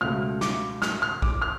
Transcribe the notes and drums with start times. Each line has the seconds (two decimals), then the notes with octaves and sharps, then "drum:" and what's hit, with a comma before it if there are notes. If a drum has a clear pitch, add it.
0.01 C#2 B2 A3 F6
0.41 D6, drum: snare
0.82 F6, drum: snare
1.02 F6
1.22 D6, drum: kick A#1
1.42 F6